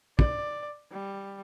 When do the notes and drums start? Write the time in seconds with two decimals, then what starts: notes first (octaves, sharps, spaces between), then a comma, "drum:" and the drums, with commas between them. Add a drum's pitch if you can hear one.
0.19 D5, drum: kick
0.92 G3